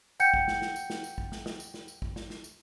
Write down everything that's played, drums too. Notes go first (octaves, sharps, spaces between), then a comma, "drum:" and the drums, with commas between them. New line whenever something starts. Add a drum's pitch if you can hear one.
F#5 G5 G6 C#7, drum: tambourine
drum: kick
drum: snare
drum: snare
drum: tambourine
drum: snare
drum: tambourine
drum: kick
drum: snare
drum: snare
drum: tambourine
drum: snare
drum: tambourine
drum: kick
drum: snare
drum: snare
drum: tambourine